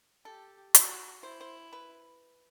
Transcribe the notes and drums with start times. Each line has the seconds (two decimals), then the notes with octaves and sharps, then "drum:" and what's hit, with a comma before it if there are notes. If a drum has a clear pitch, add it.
0.25 G4 A4
0.75 F#4, drum: hi-hat
1.23 E4 C5
1.41 C5
1.73 B4